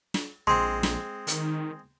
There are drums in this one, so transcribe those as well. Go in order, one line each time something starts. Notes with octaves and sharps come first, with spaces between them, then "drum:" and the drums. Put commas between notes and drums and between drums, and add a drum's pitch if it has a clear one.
drum: snare
A#1 G#3 C4 C6
drum: snare
D#3, drum: hi-hat